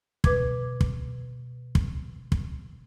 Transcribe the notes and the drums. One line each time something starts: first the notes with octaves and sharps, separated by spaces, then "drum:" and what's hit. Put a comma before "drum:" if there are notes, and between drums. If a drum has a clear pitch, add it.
B2 B4 D6 G#6, drum: kick
drum: kick
drum: kick
drum: kick